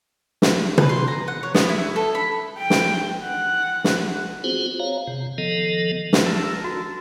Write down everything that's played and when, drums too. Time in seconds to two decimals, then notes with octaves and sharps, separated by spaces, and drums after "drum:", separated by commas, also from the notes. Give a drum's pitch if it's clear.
0.42 drum: snare
0.78 B4, drum: tom
0.89 C6
1.08 A#5
1.28 F#5
1.43 C#5
1.55 B3, drum: snare
1.69 E4
1.96 A4
2.15 B5
2.58 G5
2.70 drum: snare
3.23 F#5
3.84 drum: snare
4.44 B3 C4 F4 F#4 G#4 C5
4.80 C#5 F5 A#5
5.07 C3
5.38 D#3 F3 B3 A4 D#5
6.13 drum: snare
6.26 A4 A#4
6.64 F#4